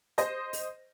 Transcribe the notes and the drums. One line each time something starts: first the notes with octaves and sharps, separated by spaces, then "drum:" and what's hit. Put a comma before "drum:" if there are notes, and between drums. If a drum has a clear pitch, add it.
C5 D#5 A#6, drum: hi-hat
drum: open hi-hat